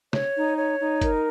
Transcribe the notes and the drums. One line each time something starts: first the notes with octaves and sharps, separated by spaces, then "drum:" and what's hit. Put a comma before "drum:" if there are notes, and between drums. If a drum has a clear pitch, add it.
C#5, drum: snare
D#4
C#5
D#4
A#4, drum: kick, hi-hat